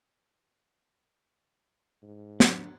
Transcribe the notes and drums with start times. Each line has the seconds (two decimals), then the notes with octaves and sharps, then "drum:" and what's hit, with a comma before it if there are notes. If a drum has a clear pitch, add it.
2.02 G#2
2.40 D3, drum: snare